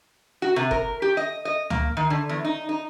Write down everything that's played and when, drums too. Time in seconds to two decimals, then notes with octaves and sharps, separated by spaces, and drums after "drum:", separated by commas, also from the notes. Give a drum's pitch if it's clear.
0.42 F#4
0.56 C3
0.71 A#4, drum: kick F#1
1.02 G4
1.17 D#5
1.45 D#5
1.70 A#3, drum: tom
1.97 D#3
2.10 D3
2.29 E2
2.45 D#4
2.69 D#4